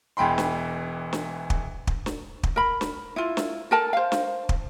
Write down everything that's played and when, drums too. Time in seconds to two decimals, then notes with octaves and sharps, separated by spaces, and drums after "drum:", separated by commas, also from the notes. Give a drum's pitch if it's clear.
0.17 E1 E2 G5 B5 C6
0.38 drum: snare
1.13 drum: snare
1.50 drum: kick
1.87 drum: kick
2.06 drum: snare
2.43 drum: kick
2.56 A#4 B5
2.81 drum: snare
3.16 E4 F4
3.37 drum: snare
3.71 A4 A#4 A5
3.93 C5 F5
4.12 drum: snare
4.49 drum: kick